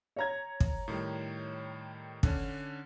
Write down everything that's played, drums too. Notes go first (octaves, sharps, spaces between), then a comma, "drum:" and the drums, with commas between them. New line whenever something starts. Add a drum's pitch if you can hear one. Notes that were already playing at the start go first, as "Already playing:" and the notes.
C#5 A#5 G#6
drum: kick
A2 D#3 G3
D3 C#4 D4, drum: kick